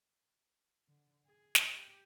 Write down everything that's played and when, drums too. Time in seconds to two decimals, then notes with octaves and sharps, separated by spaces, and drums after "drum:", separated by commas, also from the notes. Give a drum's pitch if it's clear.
0.88 D3
1.26 G#4
1.55 drum: snare
1.72 G4